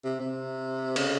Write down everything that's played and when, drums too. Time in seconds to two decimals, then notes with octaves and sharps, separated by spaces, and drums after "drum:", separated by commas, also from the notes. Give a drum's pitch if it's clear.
0.04 C3
0.20 C3
0.96 C#3, drum: cymbal